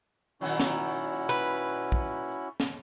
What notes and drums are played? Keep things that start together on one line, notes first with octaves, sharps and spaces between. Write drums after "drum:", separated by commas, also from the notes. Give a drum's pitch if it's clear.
A#2 D#3 F#3 C#4 E4 F#4
drum: snare
B4, drum: cymbal
drum: kick
drum: snare